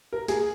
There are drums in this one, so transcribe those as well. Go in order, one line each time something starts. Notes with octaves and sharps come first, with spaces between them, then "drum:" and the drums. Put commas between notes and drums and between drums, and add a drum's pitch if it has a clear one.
A#4
G#4, drum: snare